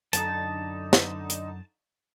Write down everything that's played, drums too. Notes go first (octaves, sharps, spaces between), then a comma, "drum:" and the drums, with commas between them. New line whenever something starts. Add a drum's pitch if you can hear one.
F#2 D3 D#4 A5, drum: hi-hat
drum: snare
drum: hi-hat